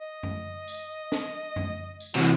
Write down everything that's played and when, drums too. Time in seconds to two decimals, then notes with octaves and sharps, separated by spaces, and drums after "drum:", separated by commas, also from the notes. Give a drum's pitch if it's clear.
0.01 D#5
0.23 drum: tom F#2
0.68 drum: tambourine
1.12 drum: snare
1.56 drum: tom F#2
2.00 drum: tambourine
2.15 C3 E3 F#4